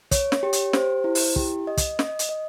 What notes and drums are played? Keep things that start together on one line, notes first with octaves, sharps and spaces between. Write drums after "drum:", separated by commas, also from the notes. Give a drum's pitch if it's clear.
C#5, drum: kick, hi-hat
drum: snare
G4
drum: hi-hat
C5, drum: snare
E4
drum: open hi-hat
G4, drum: kick
D#5
drum: kick, hi-hat
D#5, drum: snare
drum: hi-hat
D#5